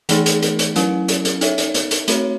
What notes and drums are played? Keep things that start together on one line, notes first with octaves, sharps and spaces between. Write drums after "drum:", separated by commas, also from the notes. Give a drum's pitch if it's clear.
E3 A3 D#4 G#4, drum: hi-hat
drum: hi-hat
drum: hi-hat
drum: hi-hat
F#3 C#4 E4, drum: hi-hat
drum: hi-hat
drum: hi-hat
D#4 A4 C#5 E5, drum: hi-hat
drum: hi-hat
drum: hi-hat
drum: hi-hat
A3 C4 F#4 C#5, drum: hi-hat